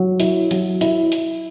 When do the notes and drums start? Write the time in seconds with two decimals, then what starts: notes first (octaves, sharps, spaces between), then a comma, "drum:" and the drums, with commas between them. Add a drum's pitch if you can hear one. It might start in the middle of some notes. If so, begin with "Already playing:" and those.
Already playing: F#3
0.20 E4, drum: hi-hat
0.51 F#3, drum: hi-hat
0.81 E4, drum: hi-hat
1.12 drum: hi-hat